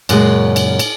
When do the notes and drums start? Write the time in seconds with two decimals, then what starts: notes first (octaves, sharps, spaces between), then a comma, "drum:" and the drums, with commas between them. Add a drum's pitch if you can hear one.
0.09 F#2 A#2 C#3 G#3, drum: cymbal
0.56 drum: cymbal
0.79 drum: cymbal